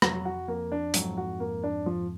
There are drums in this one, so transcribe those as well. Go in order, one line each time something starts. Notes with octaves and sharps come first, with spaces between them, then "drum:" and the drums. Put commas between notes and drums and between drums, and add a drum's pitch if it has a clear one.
F2 F#3, drum: rim click
F#4
F2 A#3
D4
F2 G#2 F#3, drum: hi-hat
F#4
A#3
D4
F3